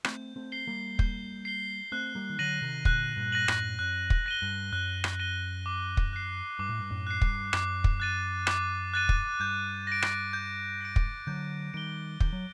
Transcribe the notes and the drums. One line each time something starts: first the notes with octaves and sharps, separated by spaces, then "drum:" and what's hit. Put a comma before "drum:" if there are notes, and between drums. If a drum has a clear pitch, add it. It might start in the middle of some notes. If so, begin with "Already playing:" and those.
A3 C4 G6, drum: rim click
A3 C4
C7 G7
G3 A#3
G6, drum: kick
C7 G7
A3 C4 F#6
G3 A#3
D#3
D3 F#3 A#6 D#7 F#7
C3 D#3
A#2 D3 F#6, drum: kick
G2 A#2
A#6 D#7 F#7
F#2 A2, drum: rim click
F#2 F#6
drum: kick
A#6 D#7 G7
G2
F#2 F#6
drum: rim click
A#6 D#7 G7
D6
drum: kick
F#6 C7
G2 D6
A2
G2
F#2 A2
F#6 C7
G2, drum: kick
F#2 D6, drum: rim click
drum: kick
F#6 A6 D#7
D6, drum: rim click
F#6 A6 D#7
drum: kick
G2 G6
A#6 D7
drum: rim click
G6
A#6 D7
drum: kick
D3 F#3 G6
D#3 G3 D7 G7
D#3 G6, drum: kick
F#3